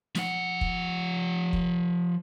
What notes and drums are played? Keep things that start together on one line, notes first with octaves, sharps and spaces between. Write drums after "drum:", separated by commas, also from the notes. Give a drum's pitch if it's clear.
F3 F#5, drum: snare
drum: kick
drum: kick